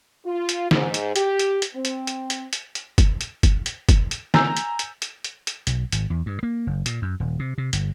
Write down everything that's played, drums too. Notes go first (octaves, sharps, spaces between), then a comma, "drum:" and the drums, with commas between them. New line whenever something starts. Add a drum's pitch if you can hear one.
F4
drum: hi-hat
G#2, drum: snare
drum: hi-hat
G4, drum: hi-hat
drum: hi-hat
drum: hi-hat
C4
drum: hi-hat
drum: hi-hat
drum: hi-hat
drum: hi-hat
drum: hi-hat
drum: kick, hi-hat
drum: hi-hat
drum: kick, hi-hat
drum: hi-hat
drum: kick, hi-hat
drum: hi-hat
G#5 A#5 E6 G6, drum: snare
drum: hi-hat
drum: hi-hat
drum: hi-hat
drum: hi-hat
drum: hi-hat
B1, drum: hi-hat
G#1, drum: hi-hat
E2
G2
A#3
F#1
A#2, drum: hi-hat
F#2
D#1
C3
C3
G1, drum: hi-hat